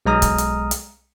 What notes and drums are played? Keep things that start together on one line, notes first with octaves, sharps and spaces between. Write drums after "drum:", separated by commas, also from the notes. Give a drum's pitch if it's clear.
B1 G#3 A#5 D#6 F6
drum: kick C#1, hi-hat
drum: hi-hat
drum: hi-hat